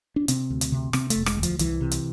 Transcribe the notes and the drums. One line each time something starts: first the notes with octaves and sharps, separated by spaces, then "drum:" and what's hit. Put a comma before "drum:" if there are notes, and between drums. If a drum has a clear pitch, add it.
D4
C3 C4, drum: hi-hat
D2
drum: hi-hat
C3
C3 C4, drum: rim click
A3, drum: hi-hat
E1
G#3, drum: rim click
D2
F3, drum: hi-hat
C2 E3, drum: hi-hat
C3
drum: hi-hat